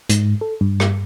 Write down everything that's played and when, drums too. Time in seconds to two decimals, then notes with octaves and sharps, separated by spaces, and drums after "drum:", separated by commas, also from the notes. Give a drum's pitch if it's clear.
0.09 G#2, drum: hi-hat
0.41 A4
0.61 G2
0.80 drum: rim click